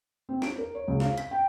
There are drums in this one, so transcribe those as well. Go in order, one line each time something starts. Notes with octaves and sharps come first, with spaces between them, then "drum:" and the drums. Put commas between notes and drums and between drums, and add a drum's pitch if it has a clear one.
C4
D7, drum: snare
A#4
C#5
C#2
F5, drum: snare
B6, drum: hi-hat
G5